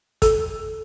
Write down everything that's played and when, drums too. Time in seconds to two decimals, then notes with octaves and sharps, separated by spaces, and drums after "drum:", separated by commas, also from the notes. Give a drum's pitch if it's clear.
0.22 A4, drum: kick, hi-hat